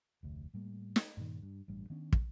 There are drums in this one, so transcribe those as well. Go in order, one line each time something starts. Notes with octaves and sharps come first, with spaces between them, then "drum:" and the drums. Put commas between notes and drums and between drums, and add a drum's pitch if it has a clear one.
F1 D2
A2 G3 A#3
drum: snare
G2 A#2 D#3
G2
A1 G2 G3
D#3 B3 C#4 D4
drum: kick